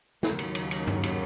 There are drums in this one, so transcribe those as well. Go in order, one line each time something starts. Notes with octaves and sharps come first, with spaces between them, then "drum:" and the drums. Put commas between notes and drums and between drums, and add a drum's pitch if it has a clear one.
D#2 C#3 F#3 A#3, drum: snare
drum: cymbal
drum: cymbal
drum: cymbal
drum: tom G2
drum: cymbal